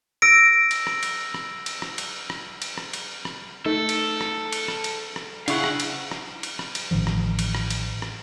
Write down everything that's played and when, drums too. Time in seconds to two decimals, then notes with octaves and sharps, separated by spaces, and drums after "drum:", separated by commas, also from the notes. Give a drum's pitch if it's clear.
0.22 E6 A#6 D7
0.71 drum: cymbal
0.87 drum: rim click
1.03 drum: cymbal
1.34 drum: rim click
1.66 drum: cymbal
1.82 drum: rim click
1.98 drum: cymbal
2.30 drum: rim click
2.62 drum: cymbal
2.78 drum: rim click
2.93 drum: cymbal
3.25 drum: rim click
3.66 A3 D#4 A4
3.89 drum: cymbal
4.21 drum: rim click
4.52 drum: cymbal
4.68 drum: rim click
4.84 drum: cymbal
5.16 drum: rim click
5.48 C#3 D4 E4 F5 F#5 C#6, drum: cymbal
5.64 drum: rim click
5.80 drum: cymbal
6.11 drum: rim click
6.43 drum: cymbal
6.59 drum: rim click
6.75 drum: cymbal
6.91 A1 D#3 F3
7.07 drum: rim click
7.39 drum: cymbal
7.55 drum: rim click
7.70 drum: cymbal
8.02 drum: rim click